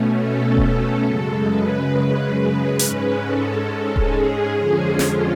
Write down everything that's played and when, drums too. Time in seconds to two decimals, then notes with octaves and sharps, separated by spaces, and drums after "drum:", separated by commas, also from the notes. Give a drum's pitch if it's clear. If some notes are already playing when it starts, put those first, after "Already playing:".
Already playing: B2 A3 C#4
0.16 A4
0.57 drum: kick D#1
1.04 F#2 C#3 G#3
1.48 B4
2.36 B4
2.79 G#2 G#3 C#4, drum: hi-hat
3.23 A4
3.96 drum: kick D#1
4.11 G#4
4.55 F2 D3 F3 G#3 C#4
4.99 F4, drum: snare